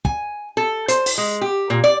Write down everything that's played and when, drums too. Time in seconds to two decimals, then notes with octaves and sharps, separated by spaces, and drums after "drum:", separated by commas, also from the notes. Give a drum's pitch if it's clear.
0.05 G#5, drum: kick
0.57 A4
0.88 C5, drum: hi-hat
1.06 drum: open hi-hat
1.18 G#3
1.41 G4
1.70 A#2
1.84 D5